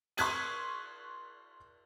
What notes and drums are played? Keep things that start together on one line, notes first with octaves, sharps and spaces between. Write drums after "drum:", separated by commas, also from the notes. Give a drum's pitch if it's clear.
C6 C#6 F#6 G#6 B6 D#7, drum: cymbal